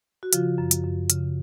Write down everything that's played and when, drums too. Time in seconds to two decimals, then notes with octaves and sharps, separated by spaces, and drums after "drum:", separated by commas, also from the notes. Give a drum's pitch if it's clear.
0.23 F#4
0.33 C#3 F3 F4, drum: hi-hat
0.58 F#2
0.71 drum: hi-hat
0.85 F#2
1.10 C#3, drum: hi-hat